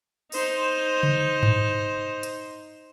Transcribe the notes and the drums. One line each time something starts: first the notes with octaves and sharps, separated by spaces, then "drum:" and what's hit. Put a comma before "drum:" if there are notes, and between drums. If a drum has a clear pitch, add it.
D#4 C5, drum: open hi-hat
drum: tom C#3
drum: tom G2
drum: hi-hat